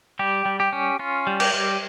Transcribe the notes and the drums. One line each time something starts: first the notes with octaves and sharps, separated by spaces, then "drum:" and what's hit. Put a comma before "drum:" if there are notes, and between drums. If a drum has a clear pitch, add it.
G3 G4
G3
G4
C#4
C#4 F4
G3
G4, drum: cymbal
G3